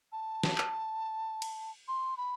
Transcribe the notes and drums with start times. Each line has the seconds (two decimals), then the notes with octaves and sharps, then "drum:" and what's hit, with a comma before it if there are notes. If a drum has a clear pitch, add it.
0.12 A5
0.43 drum: snare
0.58 drum: clap
1.42 drum: cymbal
1.88 C6
2.17 B5